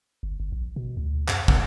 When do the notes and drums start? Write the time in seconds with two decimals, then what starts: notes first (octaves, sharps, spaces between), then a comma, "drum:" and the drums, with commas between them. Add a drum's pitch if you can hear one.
0.23 G1
0.40 G1
0.52 A#1
0.76 B2
0.97 D2
1.29 F#2, drum: clap
1.48 F1, drum: kick